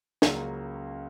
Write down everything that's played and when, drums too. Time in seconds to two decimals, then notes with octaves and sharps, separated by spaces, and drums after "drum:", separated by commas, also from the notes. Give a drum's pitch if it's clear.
0.22 C#2 C#3 F#3 A#3 C#4, drum: snare